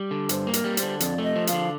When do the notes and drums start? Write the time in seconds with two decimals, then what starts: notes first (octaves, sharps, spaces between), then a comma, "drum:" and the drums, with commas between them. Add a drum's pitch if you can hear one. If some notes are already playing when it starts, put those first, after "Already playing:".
Already playing: G3
0.11 D3
0.29 G2 C5, drum: hi-hat
0.47 A#3
0.53 A#4, drum: hi-hat
0.64 G3
0.77 C5, drum: hi-hat
0.82 D3
1.00 F2 D5, drum: hi-hat
1.18 A3 D#5
1.36 F3
1.47 F5, drum: hi-hat
1.53 D3